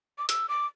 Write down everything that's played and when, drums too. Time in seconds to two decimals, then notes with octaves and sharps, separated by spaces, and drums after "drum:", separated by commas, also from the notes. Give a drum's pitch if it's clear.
0.18 D6
0.29 E6, drum: hi-hat
0.49 D6